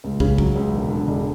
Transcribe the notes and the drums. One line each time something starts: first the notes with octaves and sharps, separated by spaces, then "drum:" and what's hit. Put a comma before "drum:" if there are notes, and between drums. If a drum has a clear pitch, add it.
C#2
C#3, drum: kick
F#3, drum: kick
C#2
E1
D3
E1